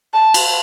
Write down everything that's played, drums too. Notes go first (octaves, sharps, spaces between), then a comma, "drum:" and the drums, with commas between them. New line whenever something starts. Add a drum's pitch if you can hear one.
A5
drum: cymbal